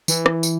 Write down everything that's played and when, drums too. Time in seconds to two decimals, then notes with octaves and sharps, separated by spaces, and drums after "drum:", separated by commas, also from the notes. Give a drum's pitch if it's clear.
0.08 E3, drum: tambourine
0.26 drum: rim click
0.43 drum: tambourine